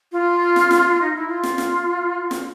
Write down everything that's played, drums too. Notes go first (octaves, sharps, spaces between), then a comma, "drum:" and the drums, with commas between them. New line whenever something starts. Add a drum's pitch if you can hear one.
F4
drum: snare
drum: snare
D#4
E4
F4
drum: snare
drum: snare
drum: snare